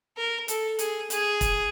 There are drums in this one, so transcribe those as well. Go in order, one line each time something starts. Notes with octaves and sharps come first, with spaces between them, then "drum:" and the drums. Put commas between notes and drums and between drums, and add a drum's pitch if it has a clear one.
A#4
A4, drum: hi-hat
G#4, drum: hi-hat
G#4, drum: hi-hat
drum: kick, hi-hat